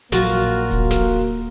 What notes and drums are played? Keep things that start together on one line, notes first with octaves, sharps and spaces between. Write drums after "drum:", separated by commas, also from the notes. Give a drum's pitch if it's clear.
A#1 F#3 A#3 F4 F#4 A#4, drum: snare
drum: hi-hat
drum: kick D#1, hi-hat
drum: snare